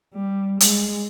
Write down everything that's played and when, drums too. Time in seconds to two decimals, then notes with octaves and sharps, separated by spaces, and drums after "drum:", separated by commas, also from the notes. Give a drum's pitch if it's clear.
0.14 G3
0.60 G#3, drum: hi-hat